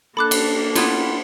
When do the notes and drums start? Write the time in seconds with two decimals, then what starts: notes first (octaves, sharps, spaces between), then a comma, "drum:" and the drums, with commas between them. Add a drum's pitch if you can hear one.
0.17 A#3 D4 A4 B5 D6 F#6
0.31 drum: cymbal
0.75 B3 E4 F4, drum: cymbal